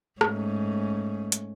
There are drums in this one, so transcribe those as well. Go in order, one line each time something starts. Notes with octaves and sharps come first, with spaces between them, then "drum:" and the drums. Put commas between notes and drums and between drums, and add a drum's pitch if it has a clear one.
G#2 A3 C#4, drum: rim click
drum: hi-hat